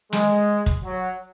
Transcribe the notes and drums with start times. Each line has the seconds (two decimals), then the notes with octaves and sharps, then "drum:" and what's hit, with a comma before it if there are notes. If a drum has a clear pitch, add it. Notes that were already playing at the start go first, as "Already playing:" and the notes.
0.13 G#3, drum: snare
0.66 drum: kick
0.84 F#3